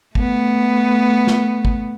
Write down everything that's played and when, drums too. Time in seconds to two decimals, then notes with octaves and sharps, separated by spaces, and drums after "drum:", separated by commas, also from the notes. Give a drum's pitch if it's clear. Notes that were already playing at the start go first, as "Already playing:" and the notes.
0.15 A3 B3, drum: kick
1.27 drum: snare
1.65 drum: kick